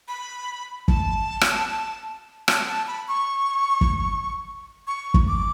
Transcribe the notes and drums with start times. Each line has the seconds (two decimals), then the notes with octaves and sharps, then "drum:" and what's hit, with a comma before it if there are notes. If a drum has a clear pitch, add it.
0.08 B5
0.88 A5, drum: kick
1.41 drum: rim click
2.48 A5, drum: rim click
2.68 A5
2.87 B5
3.08 C#6
3.81 drum: kick
4.87 C#6
5.14 drum: kick
5.27 D6